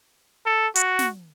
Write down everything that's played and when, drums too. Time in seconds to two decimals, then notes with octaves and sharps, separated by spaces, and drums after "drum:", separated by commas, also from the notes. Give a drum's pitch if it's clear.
0.46 A4
0.75 F#4, drum: hi-hat
0.99 drum: snare